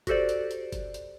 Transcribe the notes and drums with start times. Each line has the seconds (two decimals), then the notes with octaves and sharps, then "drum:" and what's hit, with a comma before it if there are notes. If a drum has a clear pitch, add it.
0.07 F#4 G4 A4 C5 D5, drum: kick G1, hi-hat
0.29 drum: hi-hat
0.51 drum: hi-hat
0.72 drum: kick G1, hi-hat
0.94 drum: hi-hat